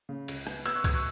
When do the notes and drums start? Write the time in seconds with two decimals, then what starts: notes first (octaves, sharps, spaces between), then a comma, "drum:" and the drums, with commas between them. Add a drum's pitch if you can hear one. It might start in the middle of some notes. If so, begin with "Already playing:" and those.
0.09 C#3
0.28 C#2, drum: cymbal
0.47 B3, drum: rim click
0.65 B3 E6 G#6, drum: cymbal
0.75 C#6 F#6
0.84 B2 E6 G#6, drum: kick, cymbal
0.94 C#6 F#6